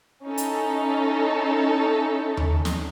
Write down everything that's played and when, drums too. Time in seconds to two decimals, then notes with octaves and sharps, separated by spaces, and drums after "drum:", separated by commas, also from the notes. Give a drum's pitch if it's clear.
0.24 C#4 D#4 E4 A4
0.38 drum: hi-hat
2.37 drum: tom D#2
2.65 drum: snare